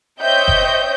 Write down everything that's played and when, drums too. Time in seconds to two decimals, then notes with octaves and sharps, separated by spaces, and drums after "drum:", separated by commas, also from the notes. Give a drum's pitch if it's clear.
0.21 C5 C#5 D#5 E5 G5 G6
0.48 drum: kick F#1